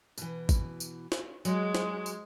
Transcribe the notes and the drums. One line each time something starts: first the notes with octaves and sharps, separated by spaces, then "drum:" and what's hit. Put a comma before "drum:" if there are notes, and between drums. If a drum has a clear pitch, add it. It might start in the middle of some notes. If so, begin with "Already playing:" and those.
B2 E3, drum: tambourine
drum: kick G#1, tambourine
drum: tambourine
drum: snare
F#3 G#3, drum: tambourine
drum: snare
drum: tambourine